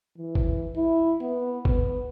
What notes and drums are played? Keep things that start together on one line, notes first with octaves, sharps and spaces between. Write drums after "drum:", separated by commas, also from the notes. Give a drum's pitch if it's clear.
E3
drum: kick
E4
B3
B3, drum: kick